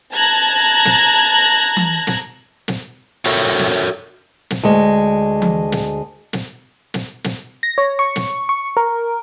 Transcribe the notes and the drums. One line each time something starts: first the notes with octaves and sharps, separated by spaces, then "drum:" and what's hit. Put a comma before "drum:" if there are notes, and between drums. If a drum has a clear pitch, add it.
A5 A#5 F#6 G#6 A#6
drum: snare
drum: tom E3
drum: snare
drum: snare
F#4 A4 A#4 C#5 E5 G5
drum: snare
drum: snare
D2 G#3
drum: tom E3
drum: snare
drum: snare
drum: snare
drum: snare
A#6
C#5
C#6
drum: snare
C#6
A#4